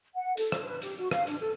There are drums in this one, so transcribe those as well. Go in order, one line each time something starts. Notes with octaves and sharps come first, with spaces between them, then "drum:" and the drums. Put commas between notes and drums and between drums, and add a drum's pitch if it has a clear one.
F#5
A4, drum: hi-hat
drum: rim click
B4
G4, drum: hi-hat
F#4
F5, drum: rim click
D4, drum: hi-hat
A4